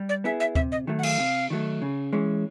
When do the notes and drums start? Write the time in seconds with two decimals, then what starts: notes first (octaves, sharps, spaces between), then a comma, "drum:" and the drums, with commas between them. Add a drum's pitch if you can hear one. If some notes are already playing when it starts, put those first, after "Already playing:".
Already playing: G3
0.09 D5
0.24 B3 E4 G#4 E5
0.40 E5
0.55 C3 E5, drum: kick D2
0.72 D#5
0.87 D#3 F#3 A3
0.99 F#5
1.03 F5, drum: cymbal
1.19 C3
1.50 D#3 F#3 A3
1.82 C#3
2.13 E3 G#3 C#4